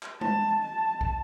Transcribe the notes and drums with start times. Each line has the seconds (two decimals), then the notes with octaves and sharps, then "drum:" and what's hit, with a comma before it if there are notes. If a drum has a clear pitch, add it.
0.03 drum: clap
0.21 A5, drum: tom G#3
0.62 A5
1.01 drum: kick